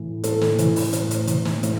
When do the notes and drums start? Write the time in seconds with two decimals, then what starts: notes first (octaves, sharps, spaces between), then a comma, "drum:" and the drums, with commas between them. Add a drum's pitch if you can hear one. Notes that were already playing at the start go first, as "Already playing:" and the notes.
Already playing: A2 E3
0.24 A2 A4, drum: hi-hat
0.41 drum: snare
0.59 E3, drum: hi-hat
0.76 drum: open hi-hat
0.93 A2, drum: hi-hat
1.11 drum: hi-hat
1.27 E3, drum: hi-hat
1.45 drum: snare
1.63 A2, drum: hi-hat